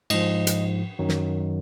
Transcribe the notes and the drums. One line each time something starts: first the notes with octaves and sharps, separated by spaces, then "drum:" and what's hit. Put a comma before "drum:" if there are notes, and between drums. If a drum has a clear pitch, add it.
G#2 F3 D#5, drum: cymbal
drum: hi-hat
F#2 D#3 F#3
drum: snare